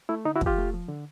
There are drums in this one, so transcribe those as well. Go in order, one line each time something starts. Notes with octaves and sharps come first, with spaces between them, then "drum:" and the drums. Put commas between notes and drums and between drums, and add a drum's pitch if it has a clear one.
A3 E4
D3 D#4
E4 F#4
F3, drum: kick
F4 G4
A3
F3
D3